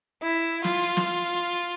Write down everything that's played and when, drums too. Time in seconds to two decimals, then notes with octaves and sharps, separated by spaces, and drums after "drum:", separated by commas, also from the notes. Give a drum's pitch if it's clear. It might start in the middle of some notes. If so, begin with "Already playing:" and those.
0.23 E4
0.64 F4, drum: snare
0.81 drum: hi-hat
0.97 drum: snare